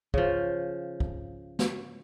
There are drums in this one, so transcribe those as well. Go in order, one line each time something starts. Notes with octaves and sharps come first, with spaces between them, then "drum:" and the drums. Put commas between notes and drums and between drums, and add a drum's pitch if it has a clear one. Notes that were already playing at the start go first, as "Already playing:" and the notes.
C#3 F3, drum: kick
drum: kick
drum: snare